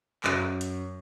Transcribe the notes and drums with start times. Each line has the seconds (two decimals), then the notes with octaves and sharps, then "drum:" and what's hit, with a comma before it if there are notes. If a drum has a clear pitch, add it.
0.24 F#2, drum: clap
0.61 drum: hi-hat